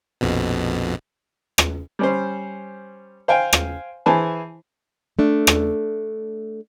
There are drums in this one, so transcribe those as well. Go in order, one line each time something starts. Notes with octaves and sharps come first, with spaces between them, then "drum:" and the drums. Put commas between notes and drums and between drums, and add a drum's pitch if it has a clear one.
A#1 F2 B2
drum: rim click
G3 C#4 C5
C5 F5 G5 G#5
drum: rim click
E3 G#4 C5 G#5 A5 B5
A3 D4
drum: rim click